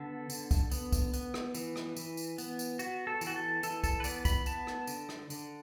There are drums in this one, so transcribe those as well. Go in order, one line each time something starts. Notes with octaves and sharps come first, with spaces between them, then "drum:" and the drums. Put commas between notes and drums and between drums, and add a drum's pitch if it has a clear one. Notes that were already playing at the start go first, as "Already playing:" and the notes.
Already playing: D3 B3 A4
D3, drum: tambourine
drum: kick, tambourine
B3, drum: tambourine
drum: kick, tambourine
B3, drum: tambourine
drum: rim click
E3, drum: tambourine
drum: rim click
E3, drum: tambourine
drum: tambourine
B3, drum: tambourine
drum: tambourine
B3 F#4, drum: tambourine
A4
E3, drum: tambourine
F#4
A4
E3 A4, drum: tambourine
A4, drum: kick, tambourine
B4
B3 D5, drum: tambourine
B5, drum: kick, tambourine
B3 A5, drum: tambourine
drum: rim click
D3, drum: tambourine
drum: rim click
D3, drum: tambourine